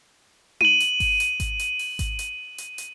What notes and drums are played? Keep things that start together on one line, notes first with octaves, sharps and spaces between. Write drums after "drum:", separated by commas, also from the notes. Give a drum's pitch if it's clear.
D#7 F#7, drum: tom D#4
drum: hi-hat
drum: kick G#1, open hi-hat
drum: hi-hat
drum: kick G#1, hi-hat
drum: hi-hat
drum: open hi-hat
drum: kick G#1, hi-hat
drum: hi-hat
drum: hi-hat
drum: hi-hat